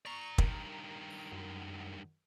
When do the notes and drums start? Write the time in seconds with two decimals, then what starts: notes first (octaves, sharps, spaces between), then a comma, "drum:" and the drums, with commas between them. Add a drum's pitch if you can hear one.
0.05 D5 A#5 C#6
0.38 G2 D#3 A#4, drum: kick
1.10 D7
1.31 F#2